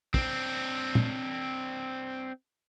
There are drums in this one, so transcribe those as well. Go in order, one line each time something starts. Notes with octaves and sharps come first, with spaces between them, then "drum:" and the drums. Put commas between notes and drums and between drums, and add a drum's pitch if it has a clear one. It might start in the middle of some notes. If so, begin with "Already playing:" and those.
C4 D4, drum: kick
drum: tom